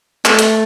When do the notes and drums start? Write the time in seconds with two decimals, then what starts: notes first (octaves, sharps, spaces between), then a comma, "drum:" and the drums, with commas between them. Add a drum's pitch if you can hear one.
0.25 A3, drum: clap
0.39 drum: hi-hat